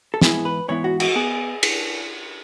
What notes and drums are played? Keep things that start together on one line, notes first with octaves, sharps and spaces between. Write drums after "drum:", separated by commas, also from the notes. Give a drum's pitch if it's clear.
A4
G#2 E3 B3 E4 G#4, drum: snare
B4
G#2 E3 B3 E4 C#5
F#4
F#4, drum: cymbal
B3 G#4
drum: cymbal